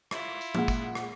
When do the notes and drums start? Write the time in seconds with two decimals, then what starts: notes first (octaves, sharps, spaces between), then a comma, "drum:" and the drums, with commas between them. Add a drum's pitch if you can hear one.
0.11 E4 F4, drum: rim click
0.41 drum: tambourine
0.55 A#2 G#3 F#5, drum: tom F3
0.68 drum: kick, tambourine
0.95 drum: rim click